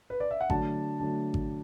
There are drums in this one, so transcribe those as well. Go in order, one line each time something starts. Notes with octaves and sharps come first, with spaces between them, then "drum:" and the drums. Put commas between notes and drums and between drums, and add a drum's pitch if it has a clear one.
B4
D5
E5
F#5
D3 F#3 A3 D4 A5, drum: kick G#1
D3 F#3 A3 D4
drum: kick G#1